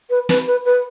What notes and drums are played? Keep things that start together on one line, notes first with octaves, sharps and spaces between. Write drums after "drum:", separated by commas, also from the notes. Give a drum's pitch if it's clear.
B4
B4, drum: snare
B4
B4